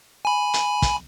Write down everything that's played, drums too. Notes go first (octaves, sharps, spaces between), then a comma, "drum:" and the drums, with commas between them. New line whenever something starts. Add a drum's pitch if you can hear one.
G#5 B5
drum: hi-hat
drum: kick, hi-hat